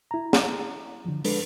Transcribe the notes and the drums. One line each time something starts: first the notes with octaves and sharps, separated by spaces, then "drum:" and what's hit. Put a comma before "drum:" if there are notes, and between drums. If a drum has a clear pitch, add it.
E4 A#5
drum: snare
D3 F3
G#3 D4 A4 B4, drum: open hi-hat